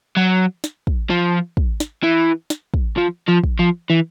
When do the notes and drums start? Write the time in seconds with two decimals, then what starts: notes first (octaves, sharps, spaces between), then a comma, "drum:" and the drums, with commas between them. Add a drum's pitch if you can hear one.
0.17 F#3
0.64 drum: snare
0.87 drum: kick
1.10 F3
1.57 drum: kick
1.80 drum: snare
2.03 E3
2.50 drum: snare
2.74 drum: kick
2.97 F3
3.28 F3
3.44 drum: kick
3.59 F3
3.90 E3